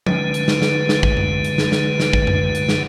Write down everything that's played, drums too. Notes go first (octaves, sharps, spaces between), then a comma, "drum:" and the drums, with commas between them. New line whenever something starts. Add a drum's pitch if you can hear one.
D3 G#3 B4, drum: tom F3
drum: hi-hat
drum: snare
drum: snare
drum: snare
drum: kick
drum: tom F#2
drum: hi-hat
drum: snare
drum: snare
drum: snare
drum: kick
drum: tom F#2
drum: hi-hat
drum: snare